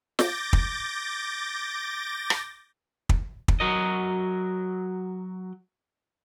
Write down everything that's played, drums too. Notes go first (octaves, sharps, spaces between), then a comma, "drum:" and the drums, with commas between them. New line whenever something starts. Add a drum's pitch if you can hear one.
D6 G6 A6 A#6, drum: snare
drum: kick
drum: rim click
drum: kick
drum: kick
F#3 F#4 A#4 D#5